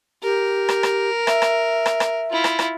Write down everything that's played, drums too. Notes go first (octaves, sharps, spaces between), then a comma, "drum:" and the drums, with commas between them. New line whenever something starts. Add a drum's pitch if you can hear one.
G4 A#4
drum: rim click
drum: rim click
E5, drum: rim click
drum: rim click
drum: rim click
drum: rim click
E4 F4
drum: rim click
drum: rim click